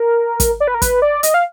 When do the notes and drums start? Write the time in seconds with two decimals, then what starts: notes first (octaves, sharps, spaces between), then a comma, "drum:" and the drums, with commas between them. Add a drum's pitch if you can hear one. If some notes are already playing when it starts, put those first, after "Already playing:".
Already playing: A#4
0.40 drum: kick, hi-hat
0.60 D5
0.68 B4
0.75 A#4
0.82 B4, drum: kick, hi-hat
1.02 D5
1.23 D#5, drum: hi-hat
1.34 F5